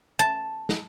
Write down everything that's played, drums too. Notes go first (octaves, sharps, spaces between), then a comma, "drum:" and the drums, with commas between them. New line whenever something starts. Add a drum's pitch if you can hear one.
A5
drum: snare